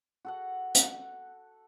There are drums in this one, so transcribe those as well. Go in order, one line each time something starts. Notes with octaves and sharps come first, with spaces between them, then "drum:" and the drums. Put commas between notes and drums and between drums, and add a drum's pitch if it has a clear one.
F#4 A4 F#5
drum: hi-hat